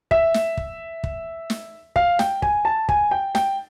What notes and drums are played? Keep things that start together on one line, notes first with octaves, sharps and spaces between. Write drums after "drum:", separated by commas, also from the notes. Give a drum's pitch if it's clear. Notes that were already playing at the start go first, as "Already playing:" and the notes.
E5, drum: kick
drum: snare
drum: kick
drum: kick
drum: snare
F5, drum: kick
G5, drum: snare
G#5, drum: kick
A5
G#5, drum: kick
G5
G5, drum: snare